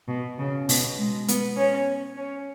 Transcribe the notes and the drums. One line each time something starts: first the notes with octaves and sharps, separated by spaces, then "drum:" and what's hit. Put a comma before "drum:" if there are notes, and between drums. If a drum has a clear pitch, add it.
B2
C#3
B2, drum: open hi-hat
G#3
B3, drum: hi-hat
C#4
C#4